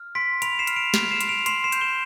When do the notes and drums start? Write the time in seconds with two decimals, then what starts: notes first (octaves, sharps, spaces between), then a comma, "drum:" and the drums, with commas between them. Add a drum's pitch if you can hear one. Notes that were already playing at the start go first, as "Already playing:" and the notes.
Already playing: F6
0.15 C6 B6 D7
0.42 B5 D7 F7, drum: hi-hat
0.59 C7 E7
0.67 F6, drum: hi-hat
0.76 D7 F7
0.94 F6 D7 F7, drum: snare
1.11 C7 E7
1.21 C6, drum: hi-hat
1.29 D7 F7
1.46 C6 C7 E7, drum: hi-hat
1.64 C7 E7
1.72 G6, drum: hi-hat
1.81 E7 G7